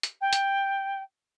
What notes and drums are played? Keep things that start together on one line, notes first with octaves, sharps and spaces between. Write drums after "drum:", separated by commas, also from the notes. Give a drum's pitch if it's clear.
drum: hi-hat
G5
drum: hi-hat